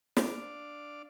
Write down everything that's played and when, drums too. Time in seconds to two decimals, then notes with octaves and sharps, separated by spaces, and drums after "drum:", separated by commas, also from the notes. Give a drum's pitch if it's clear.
0.17 D4 D5 F5 D6, drum: snare